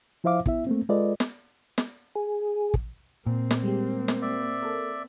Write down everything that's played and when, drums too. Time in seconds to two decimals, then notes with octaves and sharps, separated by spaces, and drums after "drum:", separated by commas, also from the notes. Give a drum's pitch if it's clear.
0.24 F3 E4 C5 E5 F5 D6
0.46 B3 E4 E5, drum: kick
0.67 A3 A#3 C4
0.89 G#3 F4 A4 B4 D5 D#5
1.20 drum: snare
1.78 drum: snare
2.15 G#4
2.74 drum: kick
3.26 A#2 A#3 C4
3.51 drum: snare
3.63 G3 G#3 G4
4.08 drum: snare
4.22 D5 E5
4.63 A4 A#4